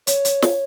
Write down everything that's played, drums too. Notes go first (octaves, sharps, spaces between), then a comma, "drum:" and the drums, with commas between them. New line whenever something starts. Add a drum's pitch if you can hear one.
C#5, drum: hi-hat
drum: hi-hat
drum: snare